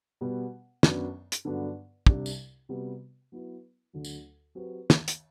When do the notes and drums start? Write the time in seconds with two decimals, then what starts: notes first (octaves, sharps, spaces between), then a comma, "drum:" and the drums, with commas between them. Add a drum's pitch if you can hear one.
0.21 B2 G3 B3
0.83 F#2 F#3 B3 D4, drum: snare
1.32 drum: hi-hat
1.45 G2 D3 F#3 B3 D4
2.07 C2 C3 G3 D4, drum: kick
2.26 drum: tambourine
2.69 C3 G3 B3 F#4
3.32 F#3 B3 E4 B4
3.93 D2 D3 F#3
4.04 drum: tambourine
4.55 F#3 C4 G4 B4
4.90 drum: snare
5.08 drum: hi-hat